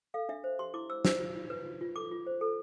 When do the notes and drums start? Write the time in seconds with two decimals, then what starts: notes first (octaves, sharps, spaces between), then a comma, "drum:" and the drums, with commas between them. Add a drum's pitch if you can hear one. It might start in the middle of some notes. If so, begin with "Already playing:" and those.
0.14 A4 F5
0.29 D4 E5
0.44 C5
0.59 G4 C6
0.74 E4 D6
0.90 C5 E6
1.05 C5 E6, drum: snare
1.20 F4
1.35 F4
1.50 B4
1.65 F4
1.81 F4
1.96 A4 D6
2.11 F4
2.27 C5
2.41 A4